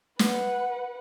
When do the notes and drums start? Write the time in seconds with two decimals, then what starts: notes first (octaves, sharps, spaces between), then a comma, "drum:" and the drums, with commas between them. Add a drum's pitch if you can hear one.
0.19 B4 F#5, drum: snare